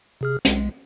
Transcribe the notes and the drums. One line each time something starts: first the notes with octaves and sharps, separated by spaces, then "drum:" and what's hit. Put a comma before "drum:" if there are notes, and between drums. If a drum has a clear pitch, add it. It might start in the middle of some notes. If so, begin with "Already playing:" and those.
C3 G#4 F6
B1 G#3, drum: hi-hat